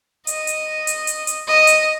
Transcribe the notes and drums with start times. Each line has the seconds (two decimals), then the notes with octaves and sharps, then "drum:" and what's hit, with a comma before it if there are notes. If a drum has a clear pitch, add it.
0.27 D#5, drum: hi-hat
0.47 drum: hi-hat
0.87 drum: hi-hat
1.07 drum: hi-hat
1.27 drum: hi-hat
1.48 D#5
1.67 drum: hi-hat